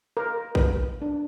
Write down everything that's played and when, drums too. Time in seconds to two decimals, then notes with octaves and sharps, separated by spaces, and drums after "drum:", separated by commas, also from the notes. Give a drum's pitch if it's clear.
0.17 A#4
0.55 B4, drum: kick A1
1.02 D4